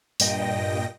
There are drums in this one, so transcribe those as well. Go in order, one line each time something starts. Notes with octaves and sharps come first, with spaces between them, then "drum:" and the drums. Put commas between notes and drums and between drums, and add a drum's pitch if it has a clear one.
G2 A#2 D#5 G5 A#6, drum: open hi-hat